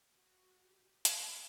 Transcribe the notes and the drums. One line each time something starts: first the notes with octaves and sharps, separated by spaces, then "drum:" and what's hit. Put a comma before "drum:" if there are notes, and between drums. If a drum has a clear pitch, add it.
F#4
G4
A#5, drum: hi-hat